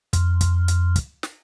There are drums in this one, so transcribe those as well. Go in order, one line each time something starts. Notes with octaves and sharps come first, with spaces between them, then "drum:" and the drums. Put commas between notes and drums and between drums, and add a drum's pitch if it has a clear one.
F2, drum: kick, hi-hat
drum: kick, hi-hat
drum: hi-hat
drum: kick, hi-hat
drum: snare